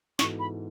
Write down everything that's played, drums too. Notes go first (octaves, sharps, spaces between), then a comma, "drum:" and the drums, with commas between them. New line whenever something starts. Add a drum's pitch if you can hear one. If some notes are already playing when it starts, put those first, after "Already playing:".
G#2 E3 B3 F#4 A4 C#6, drum: snare
B5